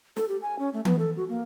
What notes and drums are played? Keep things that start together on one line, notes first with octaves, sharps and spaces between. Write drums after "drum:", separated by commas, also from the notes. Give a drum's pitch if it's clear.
A4, drum: snare
G4
G#5
C#4
A3
B3, drum: tom E3
A4
F#4
A#3